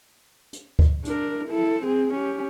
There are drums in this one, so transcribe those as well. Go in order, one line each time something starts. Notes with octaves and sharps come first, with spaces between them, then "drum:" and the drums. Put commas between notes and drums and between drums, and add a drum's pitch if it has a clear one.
drum: hi-hat
drum: kick D2
D4 A#4, drum: hi-hat
E4 A4
C4 G#4
C#4 G4